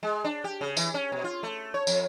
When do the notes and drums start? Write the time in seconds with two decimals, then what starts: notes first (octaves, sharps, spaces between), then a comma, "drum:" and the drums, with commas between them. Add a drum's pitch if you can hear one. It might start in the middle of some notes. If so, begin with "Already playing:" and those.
0.03 G#3
0.24 D4
0.44 G4
0.61 C#3
0.77 E3, drum: tambourine
0.94 C#4
1.12 B2
1.24 F4
1.43 A3
1.74 C#5
1.87 F2, drum: tambourine